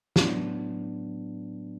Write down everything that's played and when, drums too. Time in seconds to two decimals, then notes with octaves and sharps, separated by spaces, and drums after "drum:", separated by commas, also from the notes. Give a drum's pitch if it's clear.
0.16 A2 F#3 B3 D4, drum: snare